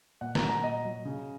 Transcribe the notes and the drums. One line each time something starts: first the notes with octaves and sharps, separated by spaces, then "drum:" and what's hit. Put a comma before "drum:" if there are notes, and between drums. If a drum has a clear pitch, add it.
A#2 F#5
A#5, drum: snare
F#3
A#5
A#2 D#5
F#3
C#3